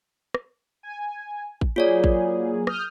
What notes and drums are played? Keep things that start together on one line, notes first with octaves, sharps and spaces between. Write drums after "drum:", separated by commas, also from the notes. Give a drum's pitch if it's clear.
drum: rim click
G#5
drum: kick A1
F#3 A#3 F4 G#4 C#5 D5
drum: kick A1
D#6 F6 G6, drum: rim click